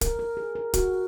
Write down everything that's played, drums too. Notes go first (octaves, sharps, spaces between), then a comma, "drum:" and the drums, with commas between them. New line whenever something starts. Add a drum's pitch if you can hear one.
A#4, drum: kick, hi-hat
A#4
G#4
A#4
F#4, drum: kick, hi-hat